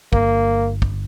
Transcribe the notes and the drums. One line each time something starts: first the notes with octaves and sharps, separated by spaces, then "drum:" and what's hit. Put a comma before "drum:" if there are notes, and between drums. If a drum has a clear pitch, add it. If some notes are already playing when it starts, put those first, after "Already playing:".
G1 A#3, drum: kick
drum: kick